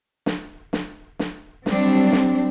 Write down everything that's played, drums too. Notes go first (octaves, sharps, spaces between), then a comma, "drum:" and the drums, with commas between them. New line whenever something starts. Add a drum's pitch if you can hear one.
drum: snare
drum: snare
drum: snare
F#3 G3 C4 D4, drum: snare
drum: snare